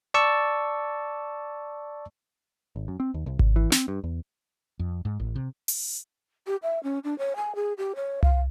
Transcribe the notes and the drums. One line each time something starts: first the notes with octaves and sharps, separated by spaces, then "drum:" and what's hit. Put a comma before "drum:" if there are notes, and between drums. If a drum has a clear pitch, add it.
D5 A5 C#6 E6
G#1
F#2
C4
D#2
C2
C2, drum: kick G#1
E3
C4, drum: snare
G2
E2
F2
G#2
A1
C3
drum: open hi-hat
G4
E5
C#4
D4
C#5
G#5
G#4
G4
C#5
F5, drum: tom C2